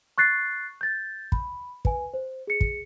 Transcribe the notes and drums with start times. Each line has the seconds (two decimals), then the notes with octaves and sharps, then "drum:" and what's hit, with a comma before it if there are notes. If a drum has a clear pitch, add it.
0.18 C#6 F#6 A6 C7
0.81 G6 A6
1.32 B5, drum: kick
1.85 B4 G#5, drum: kick
2.14 C5
2.47 G#4 C#7
2.61 drum: kick